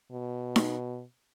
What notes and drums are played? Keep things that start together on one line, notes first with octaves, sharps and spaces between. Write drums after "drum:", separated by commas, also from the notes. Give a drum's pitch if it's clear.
B2
drum: snare D#4